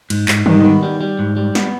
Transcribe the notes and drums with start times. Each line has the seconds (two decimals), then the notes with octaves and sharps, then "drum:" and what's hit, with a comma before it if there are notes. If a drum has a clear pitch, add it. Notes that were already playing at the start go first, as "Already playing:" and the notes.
0.10 G#2, drum: cymbal
0.28 G#2, drum: clap
0.46 G#2 D#3 G3, drum: tom D#3
0.65 B3
0.83 G3
1.01 G3
1.19 G#2
1.36 G3
1.55 B3, drum: snare